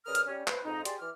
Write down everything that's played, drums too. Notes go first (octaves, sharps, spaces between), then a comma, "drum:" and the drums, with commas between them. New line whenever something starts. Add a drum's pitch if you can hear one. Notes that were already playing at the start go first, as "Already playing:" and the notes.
C#3 G3 A#4 B4 D#6 F6
drum: hi-hat
G3 C#4
B4 C5, drum: clap
F2 G#2 D#4
G4 G#4 D5 C6, drum: hi-hat
E3 D6 F6